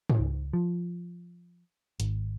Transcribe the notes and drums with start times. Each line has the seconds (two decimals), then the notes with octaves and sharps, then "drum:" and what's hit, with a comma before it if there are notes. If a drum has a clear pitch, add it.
0.10 drum: tom G#2
0.19 C#2
0.53 F3
2.00 G#1, drum: hi-hat